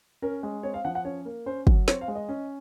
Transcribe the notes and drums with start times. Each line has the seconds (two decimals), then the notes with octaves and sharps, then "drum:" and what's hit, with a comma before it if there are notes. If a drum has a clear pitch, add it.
0.22 C#4 A#4
0.43 G#3
0.63 C4 C#5
0.74 F5
0.85 F3 F#5
0.95 F#5
1.05 C#4 C#5
1.25 A#3
1.46 C#4 C5
1.67 F#3, drum: kick
1.88 C4 C#5, drum: snare
2.01 F5
2.08 G#3
2.15 D#5
2.29 C#4